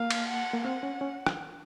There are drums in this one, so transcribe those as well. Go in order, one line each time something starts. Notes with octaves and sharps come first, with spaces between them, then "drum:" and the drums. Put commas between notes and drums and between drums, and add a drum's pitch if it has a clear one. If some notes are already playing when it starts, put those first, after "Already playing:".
Already playing: A#3 F5
drum: cymbal
F#5
A#3
C4 F#5
C#4
C#4
drum: rim click